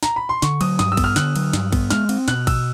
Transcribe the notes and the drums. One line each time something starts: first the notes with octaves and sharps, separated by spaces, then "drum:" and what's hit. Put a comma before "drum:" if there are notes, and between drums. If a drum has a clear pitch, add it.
A#5, drum: snare
B5
C6
D3 C#6, drum: snare
F#3 D#6, drum: cymbal
G2 D#6, drum: snare
E6
B3, drum: kick A1, cymbal
F6
D3 F#6, drum: snare
F#3, drum: cymbal
G2, drum: snare
B3, drum: kick A1, cymbal
G#3 F6, drum: snare
C4, drum: cymbal
B2 F#6, drum: snare
B2 E6, drum: kick A1, cymbal